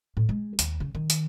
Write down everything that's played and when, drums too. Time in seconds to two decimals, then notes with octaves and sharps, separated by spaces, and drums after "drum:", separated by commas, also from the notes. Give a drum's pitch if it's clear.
0.17 A2
0.29 G#3
0.59 D#2, drum: hi-hat
0.80 C#3
0.95 D#3
1.10 drum: hi-hat